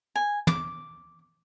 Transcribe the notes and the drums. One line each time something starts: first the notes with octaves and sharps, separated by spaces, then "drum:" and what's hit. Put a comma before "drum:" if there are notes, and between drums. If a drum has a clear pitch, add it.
G#5
D6, drum: tom